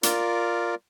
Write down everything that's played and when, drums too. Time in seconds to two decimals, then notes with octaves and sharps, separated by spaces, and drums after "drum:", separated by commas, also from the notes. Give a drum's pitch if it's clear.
0.03 F4 A#4 D5, drum: hi-hat